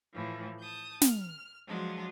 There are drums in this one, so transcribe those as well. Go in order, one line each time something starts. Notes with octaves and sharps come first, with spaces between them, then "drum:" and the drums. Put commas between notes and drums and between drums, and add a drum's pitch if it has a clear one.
A2 E3 F3
A5 D#6 G6
F6, drum: snare
F3 F#3 G#3 D4 F4